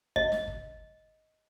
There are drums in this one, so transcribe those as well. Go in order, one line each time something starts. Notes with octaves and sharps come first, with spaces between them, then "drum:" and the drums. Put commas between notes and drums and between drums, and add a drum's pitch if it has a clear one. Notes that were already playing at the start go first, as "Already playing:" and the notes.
D#5, drum: kick
drum: snare
drum: kick